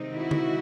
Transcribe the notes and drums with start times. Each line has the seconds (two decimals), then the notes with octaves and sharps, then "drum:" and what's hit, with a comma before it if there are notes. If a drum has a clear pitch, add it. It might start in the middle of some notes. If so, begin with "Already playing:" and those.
Already playing: C3 D#3 G#3 C4 D#4
0.15 E4 F#4
0.31 drum: tom